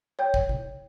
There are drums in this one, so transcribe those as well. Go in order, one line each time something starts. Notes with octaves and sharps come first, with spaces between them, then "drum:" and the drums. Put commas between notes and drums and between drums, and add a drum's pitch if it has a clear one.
C#5 G5 G6
drum: kick
drum: tom C3